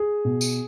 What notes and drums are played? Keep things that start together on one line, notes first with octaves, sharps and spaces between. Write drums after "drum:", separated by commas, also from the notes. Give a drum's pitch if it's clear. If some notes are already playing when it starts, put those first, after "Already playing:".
Already playing: G#4
B2
drum: tambourine